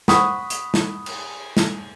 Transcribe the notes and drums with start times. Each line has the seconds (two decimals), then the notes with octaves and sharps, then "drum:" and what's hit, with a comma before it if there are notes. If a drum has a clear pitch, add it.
0.08 F#5 B5 C#6 D#6, drum: snare
0.50 drum: hi-hat
0.74 drum: snare
1.06 drum: cymbal
1.57 drum: snare